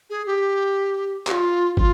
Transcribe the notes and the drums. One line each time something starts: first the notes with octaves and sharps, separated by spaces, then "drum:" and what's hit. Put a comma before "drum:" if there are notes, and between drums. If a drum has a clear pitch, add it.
G#4
G4
G4, drum: clap
F4
F4, drum: kick